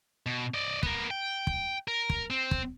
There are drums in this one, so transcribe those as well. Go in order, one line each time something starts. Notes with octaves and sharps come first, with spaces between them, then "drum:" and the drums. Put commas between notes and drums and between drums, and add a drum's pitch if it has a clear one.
B2
D5 D#5
B3 A#4, drum: kick
G5
drum: kick
A#4
drum: kick
C4
drum: kick